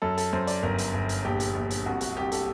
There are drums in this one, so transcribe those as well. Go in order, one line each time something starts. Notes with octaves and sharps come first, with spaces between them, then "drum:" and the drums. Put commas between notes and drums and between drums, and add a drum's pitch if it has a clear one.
F#2 A4
A4, drum: hi-hat
F#2 C5
D5, drum: hi-hat
G1 A#4
drum: hi-hat
G1
drum: hi-hat
A#1 G4
drum: hi-hat
A#1
drum: hi-hat
C2 F#4
F#4, drum: hi-hat
C2 G4
A4, drum: hi-hat